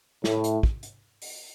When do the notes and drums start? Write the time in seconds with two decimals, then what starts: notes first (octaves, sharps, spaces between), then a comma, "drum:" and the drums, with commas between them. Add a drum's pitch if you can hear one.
0.24 A2, drum: snare
0.44 drum: hi-hat
0.63 drum: kick
0.83 drum: hi-hat
1.22 drum: open hi-hat